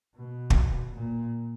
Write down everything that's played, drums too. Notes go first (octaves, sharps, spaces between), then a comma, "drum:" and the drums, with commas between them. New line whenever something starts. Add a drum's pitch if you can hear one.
B2
drum: kick
A#2